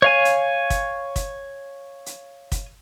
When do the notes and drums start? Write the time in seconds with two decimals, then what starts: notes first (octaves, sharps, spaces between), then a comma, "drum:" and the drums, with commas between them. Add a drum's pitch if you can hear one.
0.02 C#5 F5 G#5
0.25 drum: hi-hat
0.70 drum: kick, hi-hat
1.16 drum: kick, hi-hat
2.06 drum: hi-hat
2.52 drum: kick, hi-hat